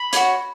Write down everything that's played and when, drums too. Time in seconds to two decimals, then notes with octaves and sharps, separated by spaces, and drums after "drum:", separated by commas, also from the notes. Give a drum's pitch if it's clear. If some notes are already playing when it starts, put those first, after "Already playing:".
Already playing: B5
0.13 C#4 F#4, drum: hi-hat